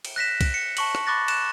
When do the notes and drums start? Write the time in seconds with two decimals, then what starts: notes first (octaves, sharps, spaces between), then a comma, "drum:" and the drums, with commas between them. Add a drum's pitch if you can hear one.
0.05 drum: cymbal
0.16 F#6 A#6 B6 E7
0.41 drum: kick, cymbal
0.54 C#7
0.77 A5 C#6 F#7, drum: cymbal
0.95 drum: rim click
1.07 B5 C#6 D6 F#6 A6 A#6
1.28 F#6 E7, drum: cymbal